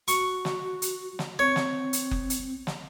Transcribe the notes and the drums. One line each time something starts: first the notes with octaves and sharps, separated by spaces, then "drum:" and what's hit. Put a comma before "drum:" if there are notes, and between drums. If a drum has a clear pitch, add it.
F#4 C#6, drum: hi-hat
drum: snare
drum: hi-hat
drum: snare
C4 C#5
drum: snare
drum: hi-hat
drum: kick F#1
drum: hi-hat
drum: snare